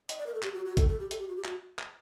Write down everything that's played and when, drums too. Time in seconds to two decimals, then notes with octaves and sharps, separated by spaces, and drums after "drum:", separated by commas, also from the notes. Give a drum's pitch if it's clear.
0.09 D#5, drum: hi-hat
0.18 D5
0.27 A#4
0.34 A4
0.43 G4, drum: clap
0.54 F#4
0.66 F#4
0.77 A4, drum: kick, hi-hat
0.88 A4
1.00 G4
1.11 A4, drum: hi-hat
1.19 G4
1.28 F#4
1.37 G4
1.45 F#4, drum: clap
1.79 drum: clap